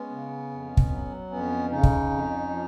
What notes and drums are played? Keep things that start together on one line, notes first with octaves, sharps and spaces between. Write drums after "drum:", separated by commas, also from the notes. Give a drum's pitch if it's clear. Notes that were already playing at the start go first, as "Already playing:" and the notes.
Already playing: G#3 B3 C#4
C#3
F2
drum: kick
F#3
F2 B3 C#4
C#3 C#4 D#4
drum: kick
F2
F3